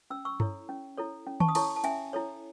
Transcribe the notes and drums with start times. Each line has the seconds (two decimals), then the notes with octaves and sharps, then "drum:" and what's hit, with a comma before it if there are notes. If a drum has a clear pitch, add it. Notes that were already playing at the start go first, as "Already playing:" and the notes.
0.10 C#4 E6
0.25 C#6 E6
0.40 E4 A4 C#5, drum: tom
0.69 C#4
0.97 E4 A4 C#5
1.27 C#4
1.40 A5 C#6, drum: tom D#3
1.48 D#6
1.55 E4 A4 C#5 A5 C#6, drum: cymbal
1.76 A5
1.84 C#4 E5 G#5, drum: hi-hat
2.13 E4 A4 C#5